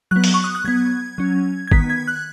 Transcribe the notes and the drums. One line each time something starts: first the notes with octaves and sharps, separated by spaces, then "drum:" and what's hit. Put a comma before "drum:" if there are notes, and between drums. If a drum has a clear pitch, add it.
F#3 B3 F#6
drum: open hi-hat
C#6
D#6
F#6
F#3 B3 G#6
F#3 C#4
G#6
D#3 B3 B6, drum: kick
G#6
F#6